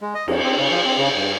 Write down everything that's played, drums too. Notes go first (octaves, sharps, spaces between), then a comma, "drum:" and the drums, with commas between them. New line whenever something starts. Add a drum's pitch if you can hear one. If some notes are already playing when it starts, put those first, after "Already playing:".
G#3
D#5
F2, drum: cymbal
C4
C#3
F3
C4
C#3
G2